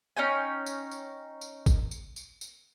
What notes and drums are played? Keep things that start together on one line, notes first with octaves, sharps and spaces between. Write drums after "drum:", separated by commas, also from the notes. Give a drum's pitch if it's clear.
C#4 D#4 G5 G#5
drum: tambourine
drum: tambourine
drum: tambourine
drum: kick, tambourine
drum: tambourine
drum: tambourine
drum: tambourine